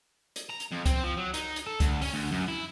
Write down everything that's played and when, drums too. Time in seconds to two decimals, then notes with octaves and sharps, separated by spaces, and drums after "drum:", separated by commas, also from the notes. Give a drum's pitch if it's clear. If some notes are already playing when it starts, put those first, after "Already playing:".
0.36 drum: hi-hat
0.50 A#5
0.60 drum: hi-hat
0.72 F2
0.86 C4, drum: kick C#2, hi-hat
1.04 F3
1.17 F#3
1.34 D#4, drum: hi-hat
1.56 drum: hi-hat
1.67 A4
1.80 D2, drum: kick C#2, hi-hat
2.01 C#4, drum: open hi-hat
2.14 D2
2.32 F#2
2.48 E4